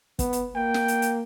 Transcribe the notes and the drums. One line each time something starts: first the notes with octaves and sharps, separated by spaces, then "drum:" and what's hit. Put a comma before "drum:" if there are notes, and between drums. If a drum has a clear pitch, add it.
B3, drum: kick, hi-hat
drum: hi-hat
A#3 G5
drum: snare
drum: hi-hat
drum: hi-hat